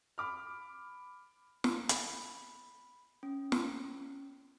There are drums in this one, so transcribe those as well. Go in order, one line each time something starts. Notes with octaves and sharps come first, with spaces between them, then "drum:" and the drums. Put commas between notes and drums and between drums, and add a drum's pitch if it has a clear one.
B5 D6 F6
drum: snare
B5, drum: hi-hat
C#4
drum: snare